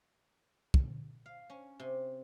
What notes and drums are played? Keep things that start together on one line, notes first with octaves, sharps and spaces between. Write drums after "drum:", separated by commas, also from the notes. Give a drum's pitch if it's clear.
drum: kick
F5
C#4
C3